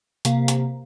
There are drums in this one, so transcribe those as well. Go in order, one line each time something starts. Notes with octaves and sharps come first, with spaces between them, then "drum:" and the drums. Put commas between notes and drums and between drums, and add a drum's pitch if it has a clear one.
C3 A#3, drum: hi-hat
drum: hi-hat